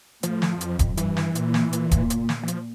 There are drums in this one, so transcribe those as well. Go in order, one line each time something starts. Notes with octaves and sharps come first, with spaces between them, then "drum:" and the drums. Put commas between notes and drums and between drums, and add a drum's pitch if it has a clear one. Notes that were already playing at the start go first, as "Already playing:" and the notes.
A2 F3, drum: hi-hat
drum: snare
F2, drum: hi-hat
drum: kick, hi-hat
G2 E3, drum: hi-hat
drum: snare
A#2, drum: hi-hat
drum: snare
A#2, drum: hi-hat
drum: kick, hi-hat
drum: hi-hat
drum: snare
E3
F3, drum: hi-hat